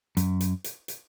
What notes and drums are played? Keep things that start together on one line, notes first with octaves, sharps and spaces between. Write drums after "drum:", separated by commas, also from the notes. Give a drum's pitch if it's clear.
F#2, drum: hi-hat
drum: hi-hat
drum: hi-hat
drum: hi-hat